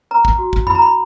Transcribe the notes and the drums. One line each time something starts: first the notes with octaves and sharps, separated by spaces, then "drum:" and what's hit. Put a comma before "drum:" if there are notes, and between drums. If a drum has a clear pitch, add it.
B4 A#5
drum: kick
F#4
drum: kick
E4 B5, drum: tom F2
A#5
B5